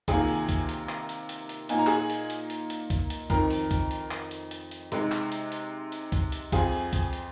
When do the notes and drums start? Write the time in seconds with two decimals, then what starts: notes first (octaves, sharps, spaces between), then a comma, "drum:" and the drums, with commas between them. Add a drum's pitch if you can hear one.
0.08 C3 D#3 A#3 F4 G#4 G#5, drum: kick, hi-hat
0.29 drum: open hi-hat
0.49 drum: kick, hi-hat
0.69 drum: hi-hat
0.89 drum: clap
1.09 drum: hi-hat
1.29 drum: hi-hat
1.49 drum: hi-hat
1.69 A#2 A#3 D#4 G#5, drum: hi-hat
1.78 A#5
1.87 G#4 G#5, drum: clap
2.10 drum: hi-hat
2.30 drum: hi-hat
2.50 drum: hi-hat
2.70 drum: hi-hat
2.90 drum: kick, hi-hat
3.10 drum: hi-hat
3.30 F2 D#3 C4 D#4 A#4 A#5, drum: kick, hi-hat
3.51 drum: open hi-hat
3.71 drum: kick, hi-hat
3.91 drum: hi-hat
4.11 drum: clap
4.31 drum: hi-hat
4.51 drum: hi-hat
4.71 drum: hi-hat
4.92 C3 G#3 D#4, drum: hi-hat
5.12 drum: clap
5.32 drum: hi-hat
5.52 drum: hi-hat
5.92 drum: hi-hat
6.12 drum: kick, hi-hat
6.32 drum: hi-hat
6.52 F2 F3 C4 F4 G#4 G#5, drum: kick, hi-hat
6.73 drum: open hi-hat
6.93 drum: kick, hi-hat
7.13 drum: hi-hat